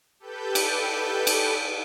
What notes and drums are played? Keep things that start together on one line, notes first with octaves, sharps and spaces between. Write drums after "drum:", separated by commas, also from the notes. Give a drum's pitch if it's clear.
G4 A4 B4 G6
drum: cymbal
drum: cymbal